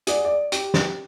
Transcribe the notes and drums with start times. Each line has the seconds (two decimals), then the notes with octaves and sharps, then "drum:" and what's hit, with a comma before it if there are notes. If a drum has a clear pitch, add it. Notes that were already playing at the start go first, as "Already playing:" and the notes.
0.07 G#4 D5 F#5, drum: hi-hat
0.25 D5
0.52 G4, drum: hi-hat
0.74 drum: snare